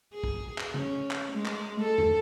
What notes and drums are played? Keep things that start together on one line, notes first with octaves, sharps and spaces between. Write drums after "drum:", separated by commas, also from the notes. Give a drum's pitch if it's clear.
G#4
drum: kick
drum: clap
C#4, drum: tom C#3
drum: clap
G#3
drum: clap
A4
drum: tom E2